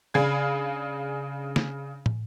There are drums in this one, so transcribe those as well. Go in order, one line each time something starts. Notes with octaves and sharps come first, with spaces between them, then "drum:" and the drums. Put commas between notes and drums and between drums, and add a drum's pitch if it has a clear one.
C#3 D4 G#4 F5 B5 G#6
drum: snare
drum: tom